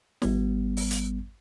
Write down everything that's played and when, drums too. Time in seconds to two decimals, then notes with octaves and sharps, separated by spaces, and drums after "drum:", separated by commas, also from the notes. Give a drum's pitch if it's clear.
0.22 G#1 G3 B3, drum: snare
0.77 drum: open hi-hat
0.91 drum: hi-hat